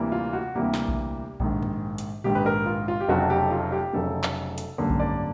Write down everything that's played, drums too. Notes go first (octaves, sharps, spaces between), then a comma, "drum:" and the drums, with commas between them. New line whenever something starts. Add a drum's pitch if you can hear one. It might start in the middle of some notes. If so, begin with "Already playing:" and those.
Already playing: D2 C3 E3 G3 A#3
F4
F#4
D2 C3 E3 G3 A#3 G4
drum: snare
drum: kick B1
A#1 G#2 D#3, drum: kick B1
drum: tom F#2
drum: hi-hat
A#1 G#2 D#3 G4
B4
A#4
F4
F4
G4
F1 F2 C#3 F#3 A3 F#4
G4
F4
G4
F1 F2 C#3 F#3 A3 A4
drum: clap
drum: hi-hat
G#1 F#2 D3 G3 A#3
drum: kick B1
D5